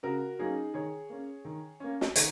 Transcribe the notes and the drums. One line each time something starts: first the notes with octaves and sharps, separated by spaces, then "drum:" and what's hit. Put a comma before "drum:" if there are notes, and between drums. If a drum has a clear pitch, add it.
C#3 F#4 A#4
F#3 A#3 C#4 D#4 G#4
D#3 G#4 C#5
A#3 C#4
D#3
A#3 C#4
drum: snare
D#3, drum: hi-hat